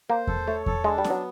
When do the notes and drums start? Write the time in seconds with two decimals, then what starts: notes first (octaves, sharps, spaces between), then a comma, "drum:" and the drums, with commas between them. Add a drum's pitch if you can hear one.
0.10 A#3 C5
0.27 A4, drum: kick E2
0.46 A3 C#5
0.66 A4, drum: kick E2
0.84 G#3 D4
0.98 G3
1.04 B3, drum: snare C#4
1.10 F#3